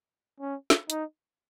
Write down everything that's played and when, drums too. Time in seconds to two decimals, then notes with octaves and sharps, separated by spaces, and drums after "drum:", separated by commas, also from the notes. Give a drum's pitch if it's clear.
0.41 C#4
0.70 drum: snare
0.90 D#4, drum: hi-hat